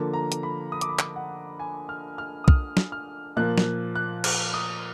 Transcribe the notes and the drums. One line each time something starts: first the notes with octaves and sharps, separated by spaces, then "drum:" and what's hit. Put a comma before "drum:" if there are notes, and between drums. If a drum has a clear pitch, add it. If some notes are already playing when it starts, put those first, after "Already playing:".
Already playing: D3 F3 A#3
A#5
drum: hi-hat
B5
D#6
D6, drum: hi-hat
B5
D6, drum: clap
F#5
G#5
F6
F6
D#6
F6, drum: kick
drum: snare
F6
A#2 F3 A#3 F#6
drum: snare
F#6
F6, drum: cymbal
D#6